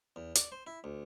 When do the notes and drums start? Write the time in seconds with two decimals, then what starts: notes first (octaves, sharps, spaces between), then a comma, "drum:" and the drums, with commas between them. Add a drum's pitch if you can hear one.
0.16 E2
0.35 D5, drum: hi-hat
0.52 C5
0.67 E4
0.84 D2